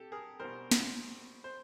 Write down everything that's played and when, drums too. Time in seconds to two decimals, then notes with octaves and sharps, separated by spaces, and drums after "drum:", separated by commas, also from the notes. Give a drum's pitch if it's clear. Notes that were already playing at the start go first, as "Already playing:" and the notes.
Already playing: G4 A4
0.12 G#4 A#4
0.40 B2 G3 A#4 C5
0.71 drum: snare
1.44 C5